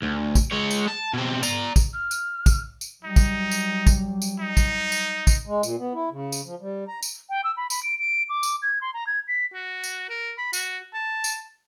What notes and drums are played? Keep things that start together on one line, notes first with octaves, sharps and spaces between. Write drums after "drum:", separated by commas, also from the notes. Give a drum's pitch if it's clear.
D2
drum: kick, tambourine
G#3 C#5
drum: tambourine
A5
B2 C4
D5 A#5, drum: tambourine
drum: kick, tambourine
F6
drum: tambourine
drum: kick, tambourine
drum: tambourine
F#3 G3 D#4
drum: kick, tambourine
drum: tambourine
drum: kick, tambourine
drum: tambourine
D#4
drum: kick, tambourine
drum: tambourine
drum: kick, tambourine
G#3
A#2, drum: tambourine
B3
E4
C#3
drum: tambourine
F3
G3
A#5
drum: tambourine
G5
E6
B5
B5, drum: tambourine
D7
D7
D6
drum: tambourine
G#6
C6
A#5
G#6
B6
F#4
drum: tambourine
A#4
B5
F#4, drum: tambourine
A5
drum: tambourine